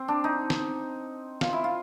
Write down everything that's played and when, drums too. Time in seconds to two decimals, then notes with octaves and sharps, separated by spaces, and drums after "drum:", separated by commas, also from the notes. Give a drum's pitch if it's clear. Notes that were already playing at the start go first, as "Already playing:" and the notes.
Already playing: C4
0.08 D4
0.24 D#4
0.50 drum: snare
1.41 F4, drum: snare
1.53 E4
1.64 F4